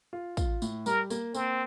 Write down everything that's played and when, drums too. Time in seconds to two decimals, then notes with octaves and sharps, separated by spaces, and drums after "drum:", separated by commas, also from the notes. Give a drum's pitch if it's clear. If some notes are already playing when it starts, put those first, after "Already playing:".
0.13 F4
0.37 F4, drum: kick, tambourine
0.62 A2, drum: tambourine
0.86 G3 A#4, drum: tambourine
1.10 A#3, drum: tambourine
1.35 A#3 C4, drum: tambourine